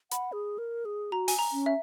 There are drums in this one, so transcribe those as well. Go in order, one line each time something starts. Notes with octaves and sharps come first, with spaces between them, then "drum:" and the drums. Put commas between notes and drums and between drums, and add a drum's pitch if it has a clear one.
F#5 B5, drum: hi-hat
G#4
A#4
G#4
F#4 A#5
G#5, drum: open hi-hat
A#5
C#4
E5